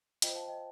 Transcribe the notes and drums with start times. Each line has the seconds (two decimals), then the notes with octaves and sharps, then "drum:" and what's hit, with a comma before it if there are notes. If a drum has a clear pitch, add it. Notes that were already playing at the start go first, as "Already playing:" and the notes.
0.22 F4 C5 D#5 G5, drum: hi-hat
0.35 F5 A5
0.48 D#5 G5